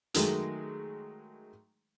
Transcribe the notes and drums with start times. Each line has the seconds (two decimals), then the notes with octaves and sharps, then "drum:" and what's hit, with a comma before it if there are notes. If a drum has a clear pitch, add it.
0.14 D#3 F#3 G#3 A3, drum: hi-hat